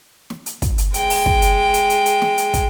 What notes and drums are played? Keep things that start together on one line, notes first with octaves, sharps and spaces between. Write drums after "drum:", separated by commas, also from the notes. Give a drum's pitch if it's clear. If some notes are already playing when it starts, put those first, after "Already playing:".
drum: snare
drum: hi-hat
drum: kick, hi-hat
drum: hi-hat
G#3 G5, drum: hi-hat
drum: open hi-hat
drum: kick
drum: hi-hat
drum: hi-hat
drum: hi-hat
drum: hi-hat
drum: snare
drum: hi-hat
drum: kick, hi-hat